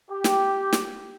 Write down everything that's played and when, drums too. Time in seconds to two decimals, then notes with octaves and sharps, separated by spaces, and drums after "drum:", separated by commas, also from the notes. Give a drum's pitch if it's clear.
0.10 G4
0.24 drum: snare
0.73 drum: snare